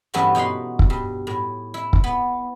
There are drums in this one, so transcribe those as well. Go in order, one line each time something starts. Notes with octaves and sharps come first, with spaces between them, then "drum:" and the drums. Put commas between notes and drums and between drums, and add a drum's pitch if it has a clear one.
G2 E3 A3 B3 C#4 F#4
B2 D#4 F#5 B5 C6
drum: kick
G2
A2
E4
drum: kick
B3